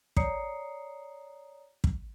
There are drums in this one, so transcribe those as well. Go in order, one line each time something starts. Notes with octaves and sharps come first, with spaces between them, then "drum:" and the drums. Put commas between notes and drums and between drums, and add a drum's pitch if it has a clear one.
C#5 D5 A#5 D#6 C7 C#7, drum: kick
drum: kick